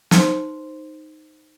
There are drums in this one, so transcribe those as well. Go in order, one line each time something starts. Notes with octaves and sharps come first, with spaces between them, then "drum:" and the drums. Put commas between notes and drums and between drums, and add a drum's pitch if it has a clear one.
D#4 B4 C5 C6, drum: snare